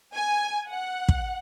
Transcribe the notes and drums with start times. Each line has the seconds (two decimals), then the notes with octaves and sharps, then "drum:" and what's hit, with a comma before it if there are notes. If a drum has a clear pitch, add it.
0.15 G#5
0.69 F#5
1.09 drum: kick